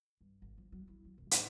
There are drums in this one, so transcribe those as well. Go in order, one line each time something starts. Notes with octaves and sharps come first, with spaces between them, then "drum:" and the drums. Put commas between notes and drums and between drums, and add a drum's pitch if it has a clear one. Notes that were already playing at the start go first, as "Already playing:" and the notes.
G2
G#1
F3
F#3
E4
F#3
E1
A2, drum: hi-hat